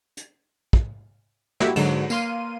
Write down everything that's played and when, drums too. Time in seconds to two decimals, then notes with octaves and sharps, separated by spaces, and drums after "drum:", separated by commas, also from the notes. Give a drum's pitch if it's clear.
0.17 drum: hi-hat
0.73 drum: kick
1.60 A#3 E4 F#4 G4, drum: snare
1.76 G#2 D3 F#3, drum: cymbal
2.10 A#3 F5 C6 D#7, drum: tambourine